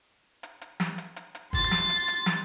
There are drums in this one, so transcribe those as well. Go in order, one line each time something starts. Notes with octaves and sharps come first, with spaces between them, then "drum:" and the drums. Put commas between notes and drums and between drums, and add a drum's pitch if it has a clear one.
drum: hi-hat
drum: hi-hat
drum: snare
drum: hi-hat
drum: hi-hat
drum: hi-hat
C6 A6, drum: kick G1, open hi-hat
drum: snare
drum: hi-hat
drum: hi-hat
drum: snare